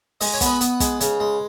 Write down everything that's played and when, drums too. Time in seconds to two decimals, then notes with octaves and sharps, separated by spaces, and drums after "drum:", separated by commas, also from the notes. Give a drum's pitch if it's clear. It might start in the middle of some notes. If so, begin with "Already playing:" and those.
0.21 G#3 D#5, drum: open hi-hat
0.34 C#5
0.41 B3, drum: kick, hi-hat
0.46 B4 D#5
0.61 B3, drum: hi-hat
0.80 G#3, drum: kick, hi-hat
1.01 C#3, drum: hi-hat
1.20 G#3